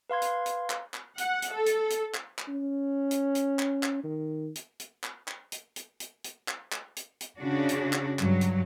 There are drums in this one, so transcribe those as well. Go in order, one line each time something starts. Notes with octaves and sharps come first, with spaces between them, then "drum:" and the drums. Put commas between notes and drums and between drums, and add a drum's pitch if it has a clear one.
B4 F5 C6 G#6
drum: hi-hat
drum: hi-hat
drum: clap
drum: clap
F#5, drum: hi-hat
drum: hi-hat
A4
drum: hi-hat
drum: hi-hat
drum: clap
drum: clap
C#4
drum: hi-hat
drum: hi-hat
drum: clap
drum: clap
D#3
drum: hi-hat
drum: hi-hat
drum: clap
drum: clap
drum: hi-hat
drum: hi-hat
drum: hi-hat
drum: hi-hat
drum: clap
drum: clap
drum: hi-hat
drum: hi-hat
C#3 D4 F#4
drum: hi-hat
drum: clap
G2 F#3, drum: clap
drum: hi-hat